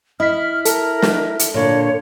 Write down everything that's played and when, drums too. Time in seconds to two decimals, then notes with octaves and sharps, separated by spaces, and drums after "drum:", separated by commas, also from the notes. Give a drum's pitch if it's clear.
0.20 E4 D#5 F6 B6
0.65 A4 A#4, drum: hi-hat
1.02 drum: snare
1.39 drum: hi-hat
1.54 A#2 D3 C#5